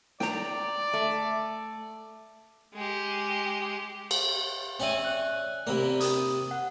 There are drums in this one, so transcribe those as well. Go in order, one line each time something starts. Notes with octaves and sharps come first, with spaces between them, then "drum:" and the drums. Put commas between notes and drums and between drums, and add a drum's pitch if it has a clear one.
D5 G5 A#5, drum: snare
A3
G#3 G4
drum: cymbal
C#4 D5 E5 G5 G#5
F#6
C3 A#3 D5 B5
D#6, drum: hi-hat
F#5